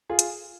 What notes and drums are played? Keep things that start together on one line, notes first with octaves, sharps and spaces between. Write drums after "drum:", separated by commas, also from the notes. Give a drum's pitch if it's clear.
F4 G#4
drum: hi-hat